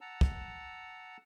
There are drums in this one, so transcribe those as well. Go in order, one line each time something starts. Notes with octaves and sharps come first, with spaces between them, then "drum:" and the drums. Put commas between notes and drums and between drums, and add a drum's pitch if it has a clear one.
F#5 A5 A#5 E6
drum: kick